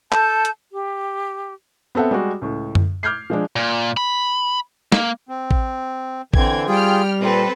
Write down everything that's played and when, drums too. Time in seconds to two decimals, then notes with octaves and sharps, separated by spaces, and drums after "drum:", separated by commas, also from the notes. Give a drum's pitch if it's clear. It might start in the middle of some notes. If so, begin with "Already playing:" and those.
0.12 A4 A5 G6, drum: clap
0.45 drum: hi-hat
0.73 G4
1.95 B3 C4 A4 E5 F#5
2.11 G3 G#3 F#4
2.42 C#2 A2
2.75 drum: tom F#2
3.03 D6 F6 G6 G#6 C7
3.30 F3 G#3 D4
3.56 A#2
3.97 B5
4.92 A#3, drum: snare
5.29 C4
5.51 drum: kick A1
6.34 D3 E3 C4 G5 G#6, drum: kick A1
6.68 G3 F4 G#4 G5 F6
7.20 A#2 C4 A4 B4